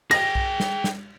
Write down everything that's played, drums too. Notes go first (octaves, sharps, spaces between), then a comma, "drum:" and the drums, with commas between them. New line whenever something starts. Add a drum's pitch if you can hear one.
G#4 G5 A#6, drum: cymbal
drum: kick B1
drum: snare
drum: snare